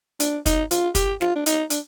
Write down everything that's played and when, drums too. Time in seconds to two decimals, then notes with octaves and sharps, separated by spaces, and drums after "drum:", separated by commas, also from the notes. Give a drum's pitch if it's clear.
0.20 D4, drum: hi-hat
0.46 D#4, drum: kick, hi-hat
0.71 F4, drum: hi-hat
0.95 G4, drum: kick, hi-hat
1.21 F4, drum: snare
1.35 D4
1.46 D#4, drum: hi-hat
1.70 D4, drum: hi-hat